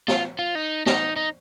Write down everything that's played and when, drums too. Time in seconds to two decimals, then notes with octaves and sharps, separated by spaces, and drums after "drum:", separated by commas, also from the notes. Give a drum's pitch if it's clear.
0.08 F4, drum: snare
0.39 F4
0.55 D#4
0.86 D#4, drum: snare
1.16 D#4